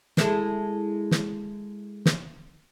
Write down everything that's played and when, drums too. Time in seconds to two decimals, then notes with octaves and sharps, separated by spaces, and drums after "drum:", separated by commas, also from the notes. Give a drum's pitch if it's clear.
0.17 G#3 E4 A4, drum: snare
1.11 drum: snare
2.06 drum: snare